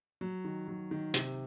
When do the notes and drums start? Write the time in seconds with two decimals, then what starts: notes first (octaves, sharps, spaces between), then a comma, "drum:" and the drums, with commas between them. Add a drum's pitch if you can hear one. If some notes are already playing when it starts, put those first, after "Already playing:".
0.21 F#3
0.45 D#3
0.68 F#3
0.91 D#3
1.14 C3, drum: hi-hat